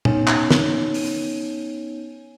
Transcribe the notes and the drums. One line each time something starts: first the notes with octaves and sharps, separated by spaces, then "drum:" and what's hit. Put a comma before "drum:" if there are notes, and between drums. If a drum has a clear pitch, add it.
B3 C#4 D#4 C#5 G#5, drum: tom
drum: clap
drum: snare
drum: open hi-hat